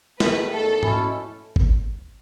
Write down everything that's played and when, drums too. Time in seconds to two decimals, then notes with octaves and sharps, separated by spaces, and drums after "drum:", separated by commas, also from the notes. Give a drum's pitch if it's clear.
0.20 E2 D#3 A3 B4, drum: snare
0.51 E2 D#3 A3 A4
0.83 B2 A3 C#4 E4, drum: tom G#2
1.56 drum: kick